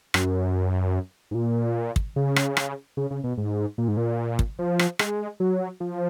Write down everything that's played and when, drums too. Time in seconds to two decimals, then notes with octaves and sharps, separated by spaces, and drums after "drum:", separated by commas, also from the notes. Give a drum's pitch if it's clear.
0.14 F#2, drum: rim click
1.31 G#2
1.35 A#2
1.96 drum: kick
2.16 C#3
2.36 drum: rim click
2.57 drum: rim click
2.97 C#3
3.11 C#3
3.24 B2
3.37 G#2
3.78 A#2
3.88 G#2
3.97 A#2
4.39 drum: kick
4.59 F3
4.79 drum: rim click
4.99 G#3, drum: rim click
5.40 F#3
5.80 F3